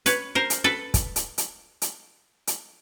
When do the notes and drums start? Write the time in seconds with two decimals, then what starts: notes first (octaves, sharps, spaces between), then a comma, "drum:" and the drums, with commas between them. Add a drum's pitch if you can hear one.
0.06 B4 C#5, drum: hi-hat
0.35 A#4 C5
0.50 drum: hi-hat
0.64 A4 B4
0.94 drum: kick, hi-hat
1.16 drum: hi-hat
1.38 drum: hi-hat
1.82 drum: hi-hat
2.47 drum: hi-hat